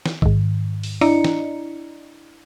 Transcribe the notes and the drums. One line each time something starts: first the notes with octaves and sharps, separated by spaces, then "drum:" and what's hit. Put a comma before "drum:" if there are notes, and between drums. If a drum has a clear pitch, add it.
drum: snare
G#2 D#3, drum: kick A1
drum: open hi-hat
D4 E4 D5 D#5 A#5 C#7, drum: open hi-hat
drum: snare